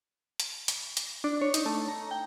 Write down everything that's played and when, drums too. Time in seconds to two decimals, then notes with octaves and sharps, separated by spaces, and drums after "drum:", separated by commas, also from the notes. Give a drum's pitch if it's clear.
0.40 drum: hi-hat
0.68 drum: hi-hat
0.97 drum: hi-hat
1.24 D4
1.41 C#5
1.54 D#4, drum: hi-hat
1.66 A3
1.88 A#5
2.11 G5